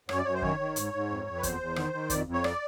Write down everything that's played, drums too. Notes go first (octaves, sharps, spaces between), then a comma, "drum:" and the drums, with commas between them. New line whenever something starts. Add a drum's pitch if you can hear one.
F#2 C#5, drum: rim click
D5
F#2 C#5
C5
D#3 C#5, drum: kick
D#3
G#2, drum: hi-hat
G#2
F2
F2
B4
E2 C5, drum: kick, hi-hat
E2
D#3, drum: rim click
D#3
F2 D5, drum: kick, hi-hat
F2
C#5
D5, drum: rim click